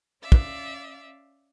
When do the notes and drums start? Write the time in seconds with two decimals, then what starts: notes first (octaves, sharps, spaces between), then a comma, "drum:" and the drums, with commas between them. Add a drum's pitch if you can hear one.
0.22 C#4 D5 E5 F5
0.32 drum: kick